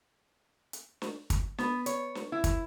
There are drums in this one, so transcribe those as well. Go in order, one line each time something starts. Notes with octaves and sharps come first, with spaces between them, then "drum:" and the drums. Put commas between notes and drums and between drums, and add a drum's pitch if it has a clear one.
drum: hi-hat
drum: snare
drum: kick, hi-hat
B3, drum: snare
C#5, drum: hi-hat
drum: snare
E4
drum: kick, hi-hat